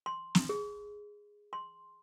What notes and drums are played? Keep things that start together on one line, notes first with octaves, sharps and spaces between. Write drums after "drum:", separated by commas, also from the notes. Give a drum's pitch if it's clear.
C6
drum: snare
G#4
C6